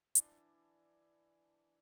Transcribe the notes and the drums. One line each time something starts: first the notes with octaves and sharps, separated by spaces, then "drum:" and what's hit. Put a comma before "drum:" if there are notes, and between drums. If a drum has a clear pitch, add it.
E3 D4 A5, drum: hi-hat